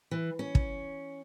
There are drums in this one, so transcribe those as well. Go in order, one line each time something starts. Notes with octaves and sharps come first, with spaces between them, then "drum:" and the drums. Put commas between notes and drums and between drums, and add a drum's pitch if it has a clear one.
E3
C#4
drum: kick